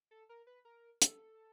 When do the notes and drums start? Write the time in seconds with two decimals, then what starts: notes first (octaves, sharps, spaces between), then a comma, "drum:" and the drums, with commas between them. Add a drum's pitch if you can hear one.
0.11 A4
0.29 A#4
0.47 B4
0.65 A#4
1.02 A4, drum: hi-hat